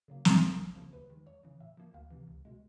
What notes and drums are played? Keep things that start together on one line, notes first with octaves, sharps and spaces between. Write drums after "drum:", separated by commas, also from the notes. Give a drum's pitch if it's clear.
C#3 F#3 A#3
F#2 A4, drum: snare
D#3 F#3 A#3
E2
C#3 F3 A#3
D#2 B4
D#3 G#3
E2 C#5
C#3 E3
A2 E5
F3 A#3
D2 F5
C3 E3
C#2
B2 G#3